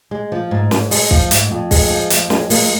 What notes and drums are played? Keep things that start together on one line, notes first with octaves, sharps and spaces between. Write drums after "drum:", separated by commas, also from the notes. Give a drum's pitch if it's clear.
G#3
F3
G#2
G#2, drum: snare
G#3, drum: open hi-hat
F3, drum: kick
G#2, drum: hi-hat
F2
G#3, drum: kick, open hi-hat
F3
F2, drum: hi-hat
F2 G#3, drum: snare
G#3 A#3, drum: open hi-hat